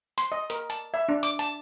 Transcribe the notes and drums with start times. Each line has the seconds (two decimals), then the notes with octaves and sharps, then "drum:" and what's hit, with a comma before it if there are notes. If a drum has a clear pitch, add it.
0.18 C6, drum: hi-hat
0.32 D#5
0.50 A#4, drum: hi-hat
0.70 A5, drum: hi-hat
0.94 E5
1.09 D4
1.23 D6, drum: hi-hat
1.39 A5, drum: hi-hat